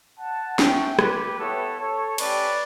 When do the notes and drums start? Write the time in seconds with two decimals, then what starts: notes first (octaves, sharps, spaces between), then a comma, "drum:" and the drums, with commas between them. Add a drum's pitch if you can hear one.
0.19 F#5 A5
0.59 C#4 F#4 E5 G5, drum: snare
0.99 G4 B4, drum: rim click
1.39 B3 E4 G4 A4 C#5
1.78 A4 C#5
2.18 A3 C#4 G4 B4 D5, drum: cymbal